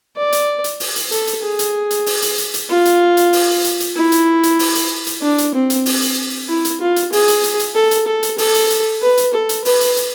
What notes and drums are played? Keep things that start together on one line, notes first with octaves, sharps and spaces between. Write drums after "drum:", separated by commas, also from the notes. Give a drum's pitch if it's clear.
D5
drum: hi-hat
drum: hi-hat
drum: open hi-hat
drum: hi-hat
A4, drum: hi-hat
drum: hi-hat
G#4
drum: hi-hat
drum: hi-hat
drum: open hi-hat
drum: hi-hat
drum: hi-hat
drum: hi-hat
F4
drum: hi-hat
drum: hi-hat
drum: open hi-hat
drum: hi-hat
drum: hi-hat
E4
drum: hi-hat
drum: hi-hat
drum: open hi-hat
drum: hi-hat
drum: hi-hat
D4
drum: hi-hat
C4
drum: hi-hat
drum: open hi-hat
drum: hi-hat
E4
drum: hi-hat
F4
drum: hi-hat
G#4, drum: open hi-hat
drum: hi-hat
drum: hi-hat
drum: hi-hat
A4
drum: hi-hat
A4
drum: hi-hat
A4, drum: open hi-hat
drum: hi-hat
drum: hi-hat
B4
drum: hi-hat
A4
drum: hi-hat
B4, drum: open hi-hat
drum: hi-hat
drum: hi-hat